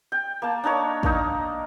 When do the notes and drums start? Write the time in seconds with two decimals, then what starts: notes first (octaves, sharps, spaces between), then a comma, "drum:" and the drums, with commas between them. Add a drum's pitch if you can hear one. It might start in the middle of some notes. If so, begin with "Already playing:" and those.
0.12 G5
0.42 A#3 A5
0.64 D4 D#4 A#4 C#5
1.03 A#3 D4 D#4, drum: kick